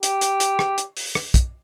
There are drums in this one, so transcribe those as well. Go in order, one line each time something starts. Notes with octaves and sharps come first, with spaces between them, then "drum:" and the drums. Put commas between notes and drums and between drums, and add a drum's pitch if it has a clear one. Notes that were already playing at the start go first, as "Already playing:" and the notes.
G4, drum: hi-hat
drum: hi-hat
drum: hi-hat
drum: rim click
drum: hi-hat
drum: open hi-hat
drum: rim click
drum: kick, hi-hat